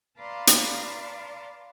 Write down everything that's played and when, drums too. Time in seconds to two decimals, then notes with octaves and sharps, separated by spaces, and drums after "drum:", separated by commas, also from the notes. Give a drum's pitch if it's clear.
0.18 B4 D5 F5 A5 A#5 C6
0.47 drum: hi-hat